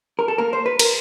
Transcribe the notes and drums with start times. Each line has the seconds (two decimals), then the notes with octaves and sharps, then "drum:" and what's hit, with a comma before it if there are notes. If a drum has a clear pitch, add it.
0.19 A#4
0.28 A4
0.38 A#3 A#4
0.53 C5
0.66 B4
0.79 A#4, drum: cymbal